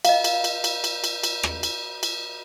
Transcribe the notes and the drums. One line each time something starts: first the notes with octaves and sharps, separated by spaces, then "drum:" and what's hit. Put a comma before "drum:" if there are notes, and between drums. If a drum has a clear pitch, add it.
D#5 F5, drum: cymbal
drum: cymbal
drum: cymbal
drum: cymbal
drum: cymbal
drum: cymbal
drum: cymbal
drum: rim click
drum: cymbal
drum: cymbal